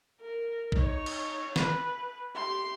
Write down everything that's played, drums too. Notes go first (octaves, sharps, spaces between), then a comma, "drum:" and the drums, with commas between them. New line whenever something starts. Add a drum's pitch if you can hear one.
A#4
D#4 C#5, drum: kick A#1
drum: cymbal
B4, drum: snare
G4 C6